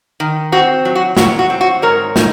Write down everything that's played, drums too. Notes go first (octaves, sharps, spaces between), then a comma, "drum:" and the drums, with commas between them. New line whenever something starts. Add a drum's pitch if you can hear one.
D#3
C4 F#4
F#3
F#4
F#3 F#4, drum: snare
F#4
C4
F#4
G#2 A#4 C#5
D#4, drum: snare